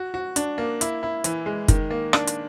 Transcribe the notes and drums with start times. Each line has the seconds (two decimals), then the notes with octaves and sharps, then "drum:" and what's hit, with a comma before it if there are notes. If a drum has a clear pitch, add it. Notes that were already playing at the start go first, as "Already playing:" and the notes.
Already playing: F#4
0.14 F#4
0.36 D4, drum: hi-hat
0.58 A#3
0.81 E4, drum: hi-hat
1.03 E4
1.24 E3, drum: hi-hat
1.46 G#3
1.68 D#3, drum: kick, hi-hat
1.91 A#3
2.13 D4, drum: rim click
2.27 drum: hi-hat